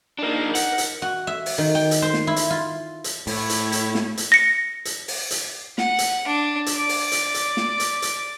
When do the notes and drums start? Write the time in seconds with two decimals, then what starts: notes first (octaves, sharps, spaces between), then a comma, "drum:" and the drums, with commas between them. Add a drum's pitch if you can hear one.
0.19 A#3 D4 D#4 A#4
0.55 F#5, drum: hi-hat
0.78 drum: hi-hat
1.02 F#4
1.27 E5
1.46 drum: open hi-hat
1.58 D#3
1.75 G5
1.91 drum: hi-hat
2.02 C5
2.14 drum: snare
2.27 E4
2.36 drum: hi-hat
2.50 F4
3.04 drum: hi-hat
3.27 A2 E4 C#5, drum: open hi-hat
3.50 drum: hi-hat
3.72 drum: hi-hat
3.95 drum: snare
4.17 drum: hi-hat
4.32 A#6 C#7
4.85 drum: hi-hat
5.08 drum: open hi-hat
5.31 drum: hi-hat
5.78 F#5, drum: snare
5.99 drum: hi-hat
6.27 D4
6.66 drum: hi-hat
6.76 D5
6.89 drum: open hi-hat
7.12 drum: hi-hat
7.34 drum: hi-hat
7.57 drum: snare
7.80 drum: hi-hat
8.02 drum: hi-hat